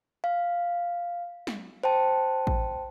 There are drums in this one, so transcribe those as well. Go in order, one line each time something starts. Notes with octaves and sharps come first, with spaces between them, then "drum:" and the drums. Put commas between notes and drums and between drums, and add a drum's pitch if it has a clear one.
F5
drum: snare
C5 G5 A5
drum: kick A1